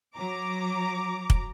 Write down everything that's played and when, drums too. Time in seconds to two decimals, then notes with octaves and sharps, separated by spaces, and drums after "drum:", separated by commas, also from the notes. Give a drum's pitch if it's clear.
0.15 F#3 A#5 D6
1.30 drum: kick